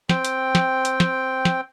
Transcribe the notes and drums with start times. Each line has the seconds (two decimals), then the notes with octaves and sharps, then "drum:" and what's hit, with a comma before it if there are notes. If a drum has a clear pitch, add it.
0.09 C4 G5, drum: snare
0.25 drum: hi-hat
0.55 drum: snare
0.85 drum: hi-hat
1.00 drum: snare
1.45 drum: snare